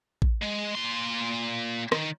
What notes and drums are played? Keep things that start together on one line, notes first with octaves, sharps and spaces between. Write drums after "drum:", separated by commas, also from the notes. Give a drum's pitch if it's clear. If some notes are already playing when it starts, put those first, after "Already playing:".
drum: kick A1
G#3
A#2 C6
D#3, drum: rim click